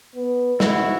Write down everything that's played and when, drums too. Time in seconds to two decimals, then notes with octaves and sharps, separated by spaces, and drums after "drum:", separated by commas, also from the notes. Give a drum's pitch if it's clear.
0.15 B3
0.60 G#2 E4 F#4, drum: snare